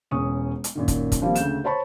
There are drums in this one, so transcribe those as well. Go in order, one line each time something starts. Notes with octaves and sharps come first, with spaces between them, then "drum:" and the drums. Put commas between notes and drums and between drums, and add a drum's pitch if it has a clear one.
E1 C#4 C#6 D#6
drum: hi-hat
F#2 A#2 D#3
drum: kick, hi-hat
drum: kick, hi-hat
D#3 F3 G3 A#3 C4
D2 C#3 G6 E7, drum: hi-hat
C5 C#5 A5 B5 C#6